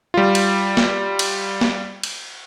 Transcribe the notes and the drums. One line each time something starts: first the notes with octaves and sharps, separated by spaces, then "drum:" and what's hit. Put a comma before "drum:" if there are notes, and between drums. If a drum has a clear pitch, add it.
G3 F4
drum: cymbal
drum: snare
drum: cymbal
drum: snare
drum: cymbal